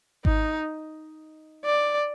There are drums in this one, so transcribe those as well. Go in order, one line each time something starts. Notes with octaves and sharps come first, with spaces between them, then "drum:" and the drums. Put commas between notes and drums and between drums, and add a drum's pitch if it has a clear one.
D#4, drum: kick G#1
D5